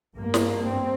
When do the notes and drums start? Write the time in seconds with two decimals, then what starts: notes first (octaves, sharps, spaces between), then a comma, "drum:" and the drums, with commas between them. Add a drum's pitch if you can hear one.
0.18 G2 A#3
0.34 drum: snare
0.65 C4